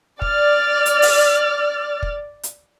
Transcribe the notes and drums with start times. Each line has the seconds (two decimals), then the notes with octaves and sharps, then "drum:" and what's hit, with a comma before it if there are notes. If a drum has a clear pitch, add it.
0.22 D5 F6, drum: kick
0.86 drum: hi-hat
1.02 drum: open hi-hat
2.03 drum: kick
2.43 drum: hi-hat